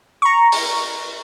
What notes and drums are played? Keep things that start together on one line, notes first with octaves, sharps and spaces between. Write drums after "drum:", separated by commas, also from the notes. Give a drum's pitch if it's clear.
A#5 C#6
drum: open hi-hat